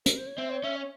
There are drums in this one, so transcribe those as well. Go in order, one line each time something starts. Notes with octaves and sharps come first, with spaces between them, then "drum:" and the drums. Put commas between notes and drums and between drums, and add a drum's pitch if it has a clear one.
A#4, drum: hi-hat
C5
C#5
C4 E5
C#5
C#4 E5
C#5